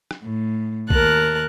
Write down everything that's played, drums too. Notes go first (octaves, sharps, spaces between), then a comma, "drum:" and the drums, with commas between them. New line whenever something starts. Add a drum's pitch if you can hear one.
drum: rim click
A2
D#2 A#4 A5 F#6, drum: kick B1